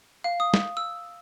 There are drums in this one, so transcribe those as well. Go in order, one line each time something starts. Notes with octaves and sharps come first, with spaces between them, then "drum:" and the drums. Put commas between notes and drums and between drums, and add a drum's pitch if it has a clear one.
F5
D#6
drum: snare
E6